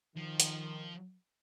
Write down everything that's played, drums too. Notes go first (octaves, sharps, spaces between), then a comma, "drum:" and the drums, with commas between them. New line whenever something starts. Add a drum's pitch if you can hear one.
D#3 F3
drum: hi-hat